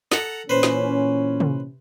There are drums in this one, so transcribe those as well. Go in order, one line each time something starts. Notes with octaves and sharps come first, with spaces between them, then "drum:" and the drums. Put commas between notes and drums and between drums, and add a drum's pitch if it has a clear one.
A4 F#5 A#5, drum: snare
A#2 E3 C#4 B4 C5
drum: snare
drum: tom